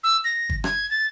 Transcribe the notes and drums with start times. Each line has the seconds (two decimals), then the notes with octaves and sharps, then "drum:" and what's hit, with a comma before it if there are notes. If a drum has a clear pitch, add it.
0.04 E6
0.25 A#6
0.50 drum: kick G1
0.64 G#6, drum: rim click
0.91 A6